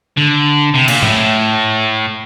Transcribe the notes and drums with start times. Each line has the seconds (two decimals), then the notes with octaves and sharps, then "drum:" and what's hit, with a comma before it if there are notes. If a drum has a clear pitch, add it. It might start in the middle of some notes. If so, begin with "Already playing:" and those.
0.17 D3
0.74 C3
0.88 A#2, drum: cymbal
1.03 A2, drum: tom A2